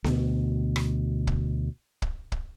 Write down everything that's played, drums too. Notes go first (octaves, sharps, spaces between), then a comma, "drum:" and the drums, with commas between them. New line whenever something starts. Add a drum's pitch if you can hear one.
D2 B2, drum: snare B3
drum: rim click
drum: kick
drum: kick
drum: kick